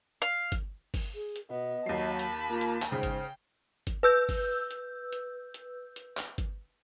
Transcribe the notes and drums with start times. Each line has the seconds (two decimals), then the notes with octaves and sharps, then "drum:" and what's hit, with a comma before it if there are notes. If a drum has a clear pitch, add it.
0.22 F5
0.52 drum: kick G1, hi-hat
0.94 drum: kick G1, open hi-hat
1.15 G#4
1.36 drum: hi-hat
1.50 B2 B3 D#5
1.86 D#2 F#3 A5 B5 C7
2.19 drum: hi-hat
2.50 A#3 F4
2.61 drum: hi-hat
2.82 drum: clap
2.92 G#2 C#3 C5 G5
3.03 drum: kick G1, hi-hat
3.87 drum: kick G1, hi-hat
4.03 B4 E6 G6
4.29 drum: kick G1, open hi-hat
4.71 drum: hi-hat
5.12 drum: hi-hat
5.54 drum: hi-hat
5.96 drum: hi-hat
6.17 drum: clap
6.38 drum: kick G1, hi-hat